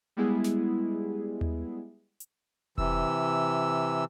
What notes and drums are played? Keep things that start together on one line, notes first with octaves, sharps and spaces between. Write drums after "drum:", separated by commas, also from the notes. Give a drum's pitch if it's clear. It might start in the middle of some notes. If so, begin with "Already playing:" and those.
G3 G#3 B3 E4 G#4
drum: snare
drum: tom D#2
drum: hi-hat
C3 E3 E6, drum: kick E1